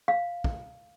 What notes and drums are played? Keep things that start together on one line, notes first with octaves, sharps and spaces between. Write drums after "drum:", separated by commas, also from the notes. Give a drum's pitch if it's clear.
F5
drum: kick